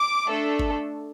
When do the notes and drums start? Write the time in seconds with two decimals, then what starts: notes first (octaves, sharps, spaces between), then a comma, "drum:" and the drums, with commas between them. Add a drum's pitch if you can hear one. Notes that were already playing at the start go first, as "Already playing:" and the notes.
Already playing: D6
0.27 A3 D4 A4
0.59 drum: kick G1